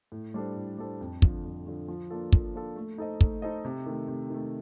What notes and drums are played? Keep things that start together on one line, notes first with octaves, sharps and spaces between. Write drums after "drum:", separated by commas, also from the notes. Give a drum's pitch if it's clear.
A2
G3 D4 A4 C5
A2
G3 D4 A4 C5
F2
D3 F3, drum: kick
F2
D3 F3
F3
A#3 D4 F4 A4
F3, drum: kick
A#3 D4 F4 A4
A3
D#4 A4 C5 D#5
A3, drum: kick
D#4 A4 C5 D#5
C3
D#3 A3
C3
D#3 A3